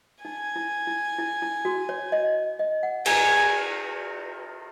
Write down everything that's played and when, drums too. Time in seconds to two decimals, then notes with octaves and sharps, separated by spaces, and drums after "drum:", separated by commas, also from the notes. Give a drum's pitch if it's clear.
0.24 D#4 G#5
0.56 E4
0.87 E4
1.19 E4
1.42 E4
1.65 F#4
1.89 C#5
2.12 D#5
2.59 D#5
2.83 F#5
3.06 G#5 A#5, drum: cymbal